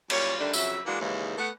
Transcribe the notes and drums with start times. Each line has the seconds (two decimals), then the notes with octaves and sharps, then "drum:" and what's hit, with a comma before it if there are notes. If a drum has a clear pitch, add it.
0.10 F#2 A#2 G3 F4 C#5, drum: cymbal
0.38 D3 D#3 G3 A3 D4
0.53 F2 C#3 F#3 E5, drum: tambourine
0.86 E3 G#3 A#3 D4 F#4 G#4
0.99 D#2 G#2 C#3 E3 G#3
1.37 A3 B3 F#5